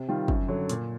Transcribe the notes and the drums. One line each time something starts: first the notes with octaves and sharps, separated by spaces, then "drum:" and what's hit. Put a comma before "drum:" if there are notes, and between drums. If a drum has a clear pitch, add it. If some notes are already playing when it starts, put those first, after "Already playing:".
Already playing: C3
D#3 G3 C4 F4
F#2, drum: kick
D3 F#3
A#2, drum: hi-hat